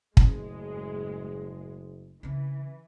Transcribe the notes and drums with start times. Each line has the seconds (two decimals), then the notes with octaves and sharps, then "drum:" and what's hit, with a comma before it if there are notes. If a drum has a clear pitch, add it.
0.17 F#1 A2 G#3 C#4, drum: kick
2.23 C#3 E3 C4